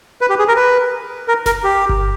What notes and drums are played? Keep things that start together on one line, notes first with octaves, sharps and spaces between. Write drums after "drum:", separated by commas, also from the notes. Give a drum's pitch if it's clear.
B4
G4
G#4
A#4
B4
A#4
A#4, drum: snare F#1
G4
drum: kick G1